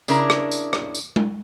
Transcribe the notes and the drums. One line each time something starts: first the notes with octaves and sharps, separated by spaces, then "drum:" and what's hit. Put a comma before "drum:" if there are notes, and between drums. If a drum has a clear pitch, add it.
C#3 D4 E4 A#4, drum: tambourine
drum: rim click
drum: tambourine
drum: rim click
drum: tambourine
drum: tom G#3